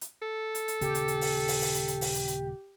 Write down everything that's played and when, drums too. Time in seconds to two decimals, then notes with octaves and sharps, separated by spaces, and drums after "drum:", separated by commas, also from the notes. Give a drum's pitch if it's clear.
0.01 drum: hi-hat
0.22 A4
0.55 drum: hi-hat
0.68 drum: hi-hat
0.81 D#1 C#3 B3 G4, drum: hi-hat
0.95 drum: hi-hat
1.08 drum: hi-hat
1.21 drum: open hi-hat
1.48 drum: open hi-hat
1.61 drum: open hi-hat
1.75 drum: hi-hat
1.88 drum: hi-hat
2.01 drum: open hi-hat
2.15 drum: hi-hat
2.28 drum: hi-hat